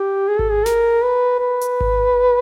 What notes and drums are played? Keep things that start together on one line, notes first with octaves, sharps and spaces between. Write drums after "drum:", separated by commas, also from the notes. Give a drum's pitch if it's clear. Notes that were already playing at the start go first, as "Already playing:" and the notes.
Already playing: G4
G#4
A4, drum: kick G#1
G#4
A#4, drum: snare
B4
B4
drum: hi-hat
drum: kick G#1